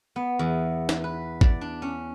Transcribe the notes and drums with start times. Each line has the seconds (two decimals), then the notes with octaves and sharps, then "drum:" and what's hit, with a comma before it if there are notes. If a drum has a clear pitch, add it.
0.16 B3
0.39 E2
0.89 drum: snare
1.04 B4
1.41 D5, drum: kick
1.61 D4
1.82 C#4